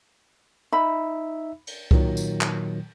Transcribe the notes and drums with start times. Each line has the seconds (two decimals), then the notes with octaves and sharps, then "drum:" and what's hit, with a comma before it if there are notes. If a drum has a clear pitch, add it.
0.73 D#4 E5 B5
1.67 drum: cymbal
1.91 A#2 D#3 F#3, drum: kick C2
2.17 drum: tambourine
2.41 drum: clap